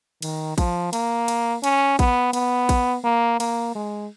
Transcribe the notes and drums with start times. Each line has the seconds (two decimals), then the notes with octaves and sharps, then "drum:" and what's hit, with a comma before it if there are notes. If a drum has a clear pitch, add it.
0.22 D#3, drum: cymbal
0.58 F3, drum: kick, cymbal
0.93 A#3, drum: cymbal
1.28 drum: cymbal
1.64 C#4, drum: cymbal
1.99 B3, drum: kick, cymbal
2.33 B3, drum: cymbal
2.69 drum: kick, cymbal
3.04 A#3
3.40 A#3, drum: cymbal
3.75 G#3